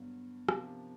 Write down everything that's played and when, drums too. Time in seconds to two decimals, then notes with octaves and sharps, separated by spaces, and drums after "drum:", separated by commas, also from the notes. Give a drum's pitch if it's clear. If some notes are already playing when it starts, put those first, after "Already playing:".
Already playing: G2 D3 F#3 B3
0.49 C3 F3 A#3 D4 G4, drum: rim click